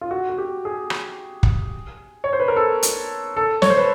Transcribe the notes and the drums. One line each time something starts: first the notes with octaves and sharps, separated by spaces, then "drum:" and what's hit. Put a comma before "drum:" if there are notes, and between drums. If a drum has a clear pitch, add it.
F4
F#4
F#4
G4
G#4
drum: rim click
drum: kick
C#5
C5
B4
A#4
A4
drum: hi-hat
A4
C#5, drum: snare
C5
B4